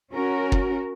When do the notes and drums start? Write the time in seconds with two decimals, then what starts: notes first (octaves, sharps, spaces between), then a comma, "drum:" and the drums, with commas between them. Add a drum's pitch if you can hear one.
0.13 C#4 F#4 A#4
0.52 drum: kick